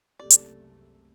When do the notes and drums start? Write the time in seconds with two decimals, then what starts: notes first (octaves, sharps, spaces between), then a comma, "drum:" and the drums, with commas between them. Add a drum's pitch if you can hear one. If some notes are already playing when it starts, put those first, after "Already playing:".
0.19 F#1 C2 A3 C4 G4 A4 D5
0.30 drum: hi-hat